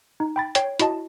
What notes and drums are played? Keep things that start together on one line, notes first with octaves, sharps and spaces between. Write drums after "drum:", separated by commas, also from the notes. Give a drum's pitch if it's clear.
D#4
G5 B5 A6
C#5 G5 C7, drum: hi-hat
E4 F#4 D#5 A5, drum: hi-hat